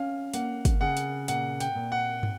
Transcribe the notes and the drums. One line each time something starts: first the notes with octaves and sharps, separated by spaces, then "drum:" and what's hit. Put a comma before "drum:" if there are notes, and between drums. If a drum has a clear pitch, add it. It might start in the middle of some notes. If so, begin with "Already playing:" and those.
Already playing: C#4 F5
A#3 F#5, drum: hi-hat
drum: kick, hi-hat
C#3 F#5
drum: hi-hat
A#2 F#5, drum: hi-hat
G5, drum: hi-hat
A#2
F#5
drum: tom